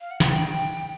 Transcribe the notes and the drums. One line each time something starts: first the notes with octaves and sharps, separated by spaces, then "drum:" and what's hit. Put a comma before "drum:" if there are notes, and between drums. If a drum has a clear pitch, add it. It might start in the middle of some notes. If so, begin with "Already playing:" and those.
F5
F#5
G5, drum: snare
G5